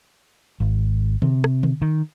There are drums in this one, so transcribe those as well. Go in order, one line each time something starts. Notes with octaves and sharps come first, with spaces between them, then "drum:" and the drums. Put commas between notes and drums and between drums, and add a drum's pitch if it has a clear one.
G#1
C3, drum: tom D3
drum: rim click
drum: tom D3
D#3